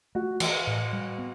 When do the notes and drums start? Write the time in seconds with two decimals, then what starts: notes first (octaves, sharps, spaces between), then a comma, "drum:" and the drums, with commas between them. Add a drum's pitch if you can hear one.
0.15 A3 F#4
0.40 E3, drum: cymbal
0.67 A2
0.93 G3
1.18 B3